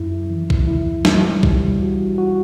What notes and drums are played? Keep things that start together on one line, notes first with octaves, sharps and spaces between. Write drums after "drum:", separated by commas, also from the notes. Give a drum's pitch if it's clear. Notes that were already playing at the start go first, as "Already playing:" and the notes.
Already playing: F#2 E4
E3
drum: kick A#1
E4
G3, drum: snare
G3, drum: kick A#1
F#4
F#4